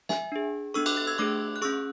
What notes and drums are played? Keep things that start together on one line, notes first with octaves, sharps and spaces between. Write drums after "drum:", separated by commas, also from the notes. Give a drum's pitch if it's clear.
E5 G#5, drum: snare
D4 G#4
B3 D4 A4 C#6 E6
D6 F#6, drum: cymbal
F#6 A6
E6 G#6
A3 D4 G#4 D6 F#6
F#6
C#4 G#4 C#6 E6